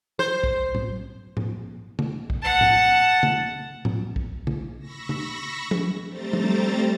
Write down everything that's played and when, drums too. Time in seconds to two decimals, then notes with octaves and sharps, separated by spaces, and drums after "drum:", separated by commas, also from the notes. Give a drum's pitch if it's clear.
0.19 C5
0.44 drum: kick
0.75 drum: tom A2
1.37 drum: tom A2
1.99 drum: tom C#3
2.30 drum: kick
2.43 F#5 A5
2.61 drum: tom A2
3.23 drum: tom C#3
3.85 drum: tom A2
4.16 drum: kick
4.47 drum: tom C#3
4.78 B5 C#6 E6 A#6
5.09 drum: tom C#3
5.71 drum: tom F3
6.07 G3 A3 C4 C5 A#5 A6
6.33 drum: tom F3